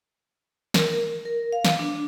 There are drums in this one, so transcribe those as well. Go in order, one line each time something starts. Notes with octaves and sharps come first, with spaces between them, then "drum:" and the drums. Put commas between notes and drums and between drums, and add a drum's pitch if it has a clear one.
A#4, drum: snare
A#4
F5
drum: snare
D4